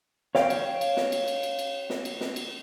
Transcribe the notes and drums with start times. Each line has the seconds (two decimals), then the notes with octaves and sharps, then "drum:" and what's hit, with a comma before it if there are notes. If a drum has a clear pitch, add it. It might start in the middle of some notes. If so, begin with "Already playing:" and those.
0.35 C#5 F5 G5, drum: snare
0.50 drum: cymbal
0.81 drum: cymbal
0.97 drum: snare
1.12 drum: cymbal
1.28 drum: cymbal
1.43 drum: cymbal
1.59 drum: cymbal
1.90 drum: snare
2.05 drum: cymbal
2.21 drum: snare
2.36 drum: cymbal